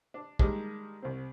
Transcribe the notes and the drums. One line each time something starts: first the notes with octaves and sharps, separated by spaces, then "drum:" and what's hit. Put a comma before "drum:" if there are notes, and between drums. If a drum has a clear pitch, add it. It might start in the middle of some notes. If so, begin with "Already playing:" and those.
D4
D#3 G3 G#3 A#3 D4, drum: kick
C2 C4